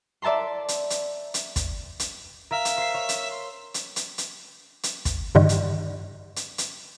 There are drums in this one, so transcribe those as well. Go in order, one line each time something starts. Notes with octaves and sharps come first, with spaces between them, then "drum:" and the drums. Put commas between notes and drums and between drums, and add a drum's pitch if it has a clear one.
D5 E5 A5 A#5 C6
drum: hi-hat
drum: hi-hat
drum: hi-hat
drum: kick, hi-hat
drum: hi-hat
A#4 E5 F5
drum: hi-hat
C5 C7
C#5
drum: hi-hat
C6
drum: hi-hat
drum: hi-hat
drum: hi-hat
drum: hi-hat
drum: kick, hi-hat
G2 D3 D#3
drum: hi-hat
drum: hi-hat
drum: hi-hat